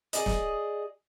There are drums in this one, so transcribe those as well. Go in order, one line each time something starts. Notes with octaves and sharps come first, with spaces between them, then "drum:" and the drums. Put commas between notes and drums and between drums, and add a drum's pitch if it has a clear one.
G#4 D5 D#5, drum: hi-hat
drum: snare